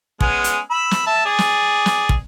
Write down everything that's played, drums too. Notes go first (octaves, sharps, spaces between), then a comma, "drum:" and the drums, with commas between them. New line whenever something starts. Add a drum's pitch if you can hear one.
G#3 B3 C#4, drum: kick
drum: hi-hat
B5 E6
drum: snare
E5 A5
G#4 D5
drum: snare
drum: snare
drum: kick